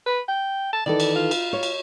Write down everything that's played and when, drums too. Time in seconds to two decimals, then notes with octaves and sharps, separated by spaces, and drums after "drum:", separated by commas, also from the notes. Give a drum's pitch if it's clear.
0.06 B4
0.28 G5
0.73 A5
0.86 D#3 E3 A4 D5
1.00 drum: cymbal
1.15 F4
1.31 drum: cymbal
1.53 C#5
1.63 drum: cymbal